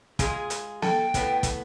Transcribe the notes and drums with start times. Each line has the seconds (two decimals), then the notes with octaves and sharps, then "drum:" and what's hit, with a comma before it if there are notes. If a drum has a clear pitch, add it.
0.19 G#3 F4 G#4, drum: kick, hi-hat
0.50 drum: hi-hat
0.82 A4 G5, drum: snare
1.14 A2 B3 A4, drum: kick, hi-hat
1.43 drum: kick, hi-hat